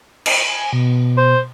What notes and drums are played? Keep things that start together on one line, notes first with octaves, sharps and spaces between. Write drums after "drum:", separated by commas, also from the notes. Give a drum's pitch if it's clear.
drum: cymbal
G#5
B2
C5